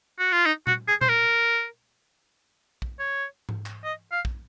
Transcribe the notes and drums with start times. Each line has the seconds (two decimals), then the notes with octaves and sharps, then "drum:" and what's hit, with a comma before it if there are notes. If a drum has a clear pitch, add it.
0.19 F#4
0.32 F4
0.46 D#4
0.67 F#4, drum: tom A#2
0.88 G#4
1.01 C5, drum: tom A#2
1.09 A#4
2.82 drum: kick A#1
2.99 C#5
3.49 drum: tom G#2
3.66 drum: clap
3.84 D#5
4.12 F5
4.25 drum: kick A#1